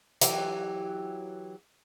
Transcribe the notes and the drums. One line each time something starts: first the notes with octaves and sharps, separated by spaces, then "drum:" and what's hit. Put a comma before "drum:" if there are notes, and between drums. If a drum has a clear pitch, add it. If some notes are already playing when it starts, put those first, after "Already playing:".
E3 F#3 G4, drum: hi-hat